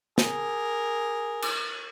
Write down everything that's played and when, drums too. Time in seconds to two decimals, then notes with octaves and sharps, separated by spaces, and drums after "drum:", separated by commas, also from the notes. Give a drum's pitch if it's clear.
0.18 G#4 A#4, drum: snare
1.42 drum: cymbal